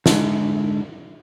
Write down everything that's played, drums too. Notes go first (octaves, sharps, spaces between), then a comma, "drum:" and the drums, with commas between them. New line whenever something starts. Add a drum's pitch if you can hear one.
G#2 D3, drum: snare